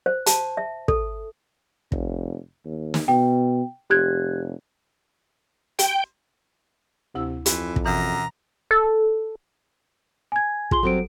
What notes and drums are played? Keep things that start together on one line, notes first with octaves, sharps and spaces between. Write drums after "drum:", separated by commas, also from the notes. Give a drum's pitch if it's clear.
C5
A5, drum: hi-hat
E5
A4, drum: kick
F1, drum: kick
D#2
drum: snare
B2 G5
F1 G4 F#6 G#6
G5, drum: hi-hat
D2 C3 E4 E6
F2 E3, drum: hi-hat
drum: kick
F#2 B2 E3 A#5
A4
G#5 G#6
F4 G#4 C6 G7, drum: kick
F#3 G3 C4 A4 D7